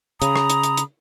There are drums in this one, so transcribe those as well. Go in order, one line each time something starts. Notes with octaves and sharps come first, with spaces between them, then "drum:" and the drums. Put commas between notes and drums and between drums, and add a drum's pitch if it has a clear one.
C#3 A#5 B5 D#6, drum: hi-hat
drum: rim click
drum: hi-hat
drum: hi-hat
drum: hi-hat